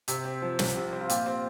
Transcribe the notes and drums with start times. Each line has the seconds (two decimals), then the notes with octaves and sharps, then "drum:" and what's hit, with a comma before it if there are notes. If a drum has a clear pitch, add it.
0.08 C3 G4, drum: hi-hat
0.25 C4
0.42 F3
0.59 C2, drum: snare
0.76 C3
0.93 C4
1.00 F4
1.10 A#2 G4, drum: hi-hat
1.26 C4